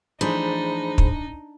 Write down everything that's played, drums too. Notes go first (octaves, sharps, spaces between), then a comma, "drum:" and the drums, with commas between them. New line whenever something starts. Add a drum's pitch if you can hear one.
E3 F3 A3 D4 D#4 G#4 C5 B5
drum: kick